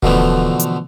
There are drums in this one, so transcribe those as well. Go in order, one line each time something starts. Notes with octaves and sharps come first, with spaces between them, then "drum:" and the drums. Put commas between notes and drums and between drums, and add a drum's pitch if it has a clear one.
B2 D3 E3 F3 A3 B3, drum: kick D#1
drum: hi-hat